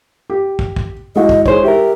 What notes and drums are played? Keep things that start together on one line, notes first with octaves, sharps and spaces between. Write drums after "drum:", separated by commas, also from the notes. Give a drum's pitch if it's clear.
G4
drum: kick
drum: kick
G#3 E4 F#4 D#5
drum: kick
D#4 G#4 C5 C#5, drum: kick
G4 A#4 E5